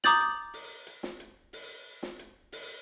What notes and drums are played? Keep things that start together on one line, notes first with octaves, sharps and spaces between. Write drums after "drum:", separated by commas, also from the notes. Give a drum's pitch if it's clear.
A#5 D6 D#6 G6 A6 F#7, drum: snare
drum: hi-hat
drum: open hi-hat
drum: hi-hat
drum: snare
drum: hi-hat
drum: open hi-hat
drum: snare
drum: hi-hat
drum: open hi-hat